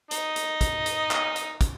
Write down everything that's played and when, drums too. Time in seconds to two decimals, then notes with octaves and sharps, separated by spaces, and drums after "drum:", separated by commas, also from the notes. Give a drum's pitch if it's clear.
0.11 D#4 D#5, drum: hi-hat
0.36 drum: hi-hat
0.61 drum: kick, hi-hat
0.86 drum: hi-hat
1.11 drum: clap
1.36 drum: hi-hat
1.61 drum: kick, hi-hat